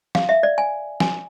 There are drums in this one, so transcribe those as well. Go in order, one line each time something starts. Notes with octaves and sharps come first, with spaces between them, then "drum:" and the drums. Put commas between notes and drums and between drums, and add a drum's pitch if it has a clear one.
F5, drum: snare
E5
D5
G#5
G#5, drum: snare